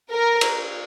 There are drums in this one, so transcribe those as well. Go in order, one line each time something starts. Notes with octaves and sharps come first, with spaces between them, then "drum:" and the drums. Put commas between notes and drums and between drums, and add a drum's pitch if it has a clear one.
A#4
drum: cymbal